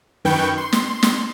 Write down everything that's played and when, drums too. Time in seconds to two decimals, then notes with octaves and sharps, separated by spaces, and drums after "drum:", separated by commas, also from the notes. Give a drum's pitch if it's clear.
0.25 F#2 D#3 B4 G5 C#6 G6
0.58 C6
0.73 drum: snare
1.03 drum: snare